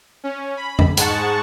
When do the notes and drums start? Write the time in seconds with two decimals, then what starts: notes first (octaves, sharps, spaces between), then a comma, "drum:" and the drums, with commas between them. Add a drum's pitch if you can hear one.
0.24 C#4
0.57 B5
0.79 drum: tom F2
0.97 G#2 G#3 F#5 A5 C#6, drum: hi-hat